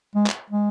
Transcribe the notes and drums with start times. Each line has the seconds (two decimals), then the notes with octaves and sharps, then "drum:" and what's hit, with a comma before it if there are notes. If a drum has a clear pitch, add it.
0.16 G#3
0.27 drum: clap
0.50 G#3